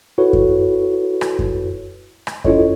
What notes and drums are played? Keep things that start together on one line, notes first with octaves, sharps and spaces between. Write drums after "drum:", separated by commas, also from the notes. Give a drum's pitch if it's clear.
E4 F#4 A4 B4 C#5
drum: kick F#2
drum: rim click
drum: kick F#2
drum: rim click
C#4 E4 F4 A4 C#5 D#5, drum: kick F#2